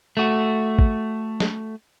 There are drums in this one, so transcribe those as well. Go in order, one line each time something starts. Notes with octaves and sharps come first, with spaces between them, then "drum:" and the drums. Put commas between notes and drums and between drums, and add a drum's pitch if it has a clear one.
A3 F#4
drum: kick G#1
drum: snare